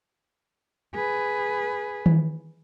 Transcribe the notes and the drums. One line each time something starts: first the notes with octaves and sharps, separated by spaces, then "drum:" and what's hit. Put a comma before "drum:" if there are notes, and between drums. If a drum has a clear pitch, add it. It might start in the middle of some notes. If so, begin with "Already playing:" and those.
G#4 B4
drum: tom D#3